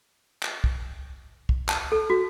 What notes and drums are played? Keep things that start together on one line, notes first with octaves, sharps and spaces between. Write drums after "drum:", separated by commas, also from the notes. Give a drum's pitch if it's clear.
drum: clap
drum: kick
drum: kick
A5, drum: clap
A4
F#4